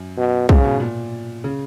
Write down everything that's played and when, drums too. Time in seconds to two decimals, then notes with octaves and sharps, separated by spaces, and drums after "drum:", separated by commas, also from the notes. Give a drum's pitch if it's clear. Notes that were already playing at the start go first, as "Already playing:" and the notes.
Already playing: F#2
0.17 B2
0.49 G#2 C#3, drum: kick B1
0.64 B2
0.80 A#2
1.44 C#3